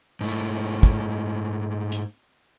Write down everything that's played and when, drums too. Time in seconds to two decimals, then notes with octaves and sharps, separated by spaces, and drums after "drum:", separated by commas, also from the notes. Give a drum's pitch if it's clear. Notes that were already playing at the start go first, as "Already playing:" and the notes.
0.21 G#2 A3
0.83 drum: kick
1.92 drum: hi-hat